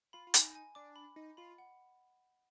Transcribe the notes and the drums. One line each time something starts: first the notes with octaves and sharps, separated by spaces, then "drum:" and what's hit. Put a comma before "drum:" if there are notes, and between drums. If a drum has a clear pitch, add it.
F4 B5
F4
D#4 G#5, drum: hi-hat
G#5
D4 D6
B5
D#4 D#5
F4 B5
F#5